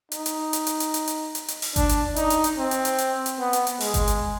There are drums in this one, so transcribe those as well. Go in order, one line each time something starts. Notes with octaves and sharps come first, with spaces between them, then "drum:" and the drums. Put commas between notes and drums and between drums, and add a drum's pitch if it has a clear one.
D#4, drum: hi-hat
drum: hi-hat
drum: hi-hat
drum: hi-hat
drum: hi-hat
drum: hi-hat
drum: hi-hat
drum: hi-hat
drum: hi-hat
drum: open hi-hat
D4, drum: kick G1, hi-hat
drum: hi-hat
D#4, drum: hi-hat
drum: hi-hat
drum: hi-hat
C4
drum: hi-hat
drum: hi-hat
drum: hi-hat
drum: hi-hat
B3
drum: hi-hat
drum: hi-hat
G#3, drum: open hi-hat
drum: kick G1, hi-hat
drum: hi-hat